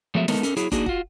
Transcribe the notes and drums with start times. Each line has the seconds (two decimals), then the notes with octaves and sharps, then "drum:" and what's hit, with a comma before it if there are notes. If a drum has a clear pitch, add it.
0.15 F3 F#3 G#3 A3 B3 E5
0.28 G#3 B3 D#4 A4 A#4, drum: snare
0.43 C#4 A4 A#4, drum: hi-hat
0.57 F#3 E4 G#4, drum: hi-hat
0.72 A#3 D4 D#4 F#4 G#4, drum: kick, hi-hat
0.86 F4 F#4, drum: kick